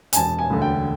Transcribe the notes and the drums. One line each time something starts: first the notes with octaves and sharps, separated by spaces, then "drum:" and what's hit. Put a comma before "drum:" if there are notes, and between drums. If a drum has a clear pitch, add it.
G#5, drum: hi-hat
E1 A5
G#5
D2 D3
G5